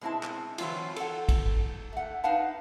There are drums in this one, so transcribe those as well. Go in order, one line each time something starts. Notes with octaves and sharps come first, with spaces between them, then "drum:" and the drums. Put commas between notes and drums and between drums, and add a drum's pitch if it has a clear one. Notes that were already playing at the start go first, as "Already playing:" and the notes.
B2 G#3 C4 E4 A5
drum: clap
E3 F#3 G3 C4 F4, drum: cymbal
A4 F#5, drum: cymbal
drum: kick, cymbal
A3 F#5
D#4 B4 F5 F#5 A5